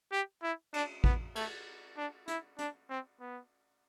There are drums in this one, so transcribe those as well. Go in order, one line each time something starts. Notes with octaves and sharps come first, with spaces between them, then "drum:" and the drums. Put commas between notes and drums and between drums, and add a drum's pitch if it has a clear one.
G4
E4
D4, drum: cymbal
B3, drum: kick A1
A3, drum: cymbal
D4
E4, drum: hi-hat
D4, drum: hi-hat
C4
B3